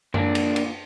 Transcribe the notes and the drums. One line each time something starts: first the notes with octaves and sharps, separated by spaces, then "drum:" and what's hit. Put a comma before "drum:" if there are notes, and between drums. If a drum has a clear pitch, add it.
A#2 D3 A#3 D4, drum: tom F#2
drum: cymbal
drum: cymbal